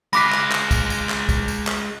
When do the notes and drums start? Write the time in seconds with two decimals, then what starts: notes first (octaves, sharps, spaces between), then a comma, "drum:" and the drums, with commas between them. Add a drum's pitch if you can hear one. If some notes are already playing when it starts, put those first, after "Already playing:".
0.13 G#3 F4 B5 D6 F#6 A#6 B6, drum: tambourine
0.32 drum: clap
0.52 drum: clap
0.71 drum: kick, tambourine
0.90 drum: tambourine
1.09 drum: clap
1.29 drum: kick, tambourine
1.48 drum: tambourine
1.67 drum: clap